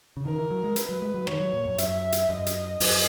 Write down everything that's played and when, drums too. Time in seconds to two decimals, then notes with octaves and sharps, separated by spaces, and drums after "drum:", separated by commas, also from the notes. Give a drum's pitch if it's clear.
0.17 C#3
0.25 D#3 A#4
0.38 E3
0.51 F#3
0.64 G#3
0.76 B4, drum: hi-hat
0.89 F#3
1.02 G#3
1.14 F#3
1.27 D#3 C#5, drum: rim click
1.40 F#3
1.53 A#2
1.66 F#2
1.78 F#2 E5, drum: hi-hat
2.12 drum: hi-hat
2.29 F#2 D#5
2.46 drum: hi-hat
2.80 F#2, drum: open hi-hat